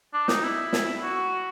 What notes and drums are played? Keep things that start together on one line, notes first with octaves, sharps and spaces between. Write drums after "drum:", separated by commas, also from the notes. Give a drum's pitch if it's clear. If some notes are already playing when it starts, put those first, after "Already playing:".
D4
D#4, drum: snare
E4
drum: snare
F#4